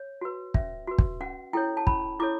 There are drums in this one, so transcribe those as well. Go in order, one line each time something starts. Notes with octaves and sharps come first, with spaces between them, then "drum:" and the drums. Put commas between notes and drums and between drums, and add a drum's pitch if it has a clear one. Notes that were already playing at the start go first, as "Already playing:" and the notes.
Already playing: C#5
F#4 B4
C#4 E5, drum: kick
F#4 B4
drum: kick
C#4 F#5
E4 A4 C#5 G5
A5
C#4 B5, drum: kick
E4 A4 C#5 D6